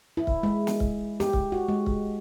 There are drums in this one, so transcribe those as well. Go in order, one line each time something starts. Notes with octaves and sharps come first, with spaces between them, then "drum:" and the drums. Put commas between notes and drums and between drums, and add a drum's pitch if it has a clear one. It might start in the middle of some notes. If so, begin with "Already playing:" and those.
E4
drum: kick C#1
G#3
drum: snare
drum: kick C#1
G4, drum: snare
drum: kick C#1
F#4
G#3
drum: kick C#1